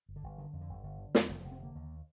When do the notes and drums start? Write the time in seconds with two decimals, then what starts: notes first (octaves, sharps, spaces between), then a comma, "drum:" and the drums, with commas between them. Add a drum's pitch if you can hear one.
0.09 G1
0.16 D3
0.23 G1
0.38 D3 D#3
0.53 F2
0.61 D3
0.69 G1
0.83 G1
0.99 D3
1.15 F2, drum: snare
1.29 F1 D#3
1.40 F3
1.44 F1
1.51 C4
1.60 D3 A#3
1.75 D#2